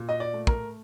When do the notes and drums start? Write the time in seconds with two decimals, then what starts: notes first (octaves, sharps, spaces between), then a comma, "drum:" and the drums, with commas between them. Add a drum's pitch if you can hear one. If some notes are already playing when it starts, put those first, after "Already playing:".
Already playing: A#2
0.09 D#5
0.20 D5
0.33 A3
0.47 A#4, drum: kick